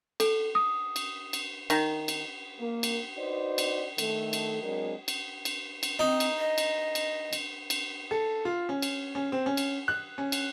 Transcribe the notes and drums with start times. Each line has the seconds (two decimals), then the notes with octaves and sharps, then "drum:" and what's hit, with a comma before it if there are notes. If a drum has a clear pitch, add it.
0.20 A4, drum: cymbal
0.55 D#6
0.96 drum: cymbal
1.33 drum: cymbal
1.70 D#3, drum: cymbal
2.08 drum: cymbal
2.60 A#3
2.83 drum: cymbal
3.17 D#4 F#4 B4 C5 D5 D#5
3.58 drum: cymbal
3.98 D#3 A3 A4, drum: cymbal
4.33 drum: cymbal
4.63 F#3 G#3 C4 D4 A#4
5.08 drum: cymbal
5.45 drum: cymbal
5.83 drum: cymbal
5.99 C4 D#4
6.20 drum: cymbal
6.39 D#5
6.58 drum: cymbal
6.95 drum: cymbal
7.33 drum: cymbal
7.70 drum: cymbal
8.11 A4
8.45 F4
8.69 C#4
8.82 drum: cymbal
9.15 C#4
9.32 C4
9.46 C#4
9.57 drum: cymbal
9.88 F#6
10.18 C#4
10.32 drum: cymbal